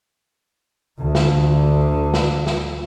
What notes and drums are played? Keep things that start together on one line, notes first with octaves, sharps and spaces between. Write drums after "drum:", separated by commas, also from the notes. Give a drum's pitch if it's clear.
D2 D3
drum: snare
drum: snare
drum: snare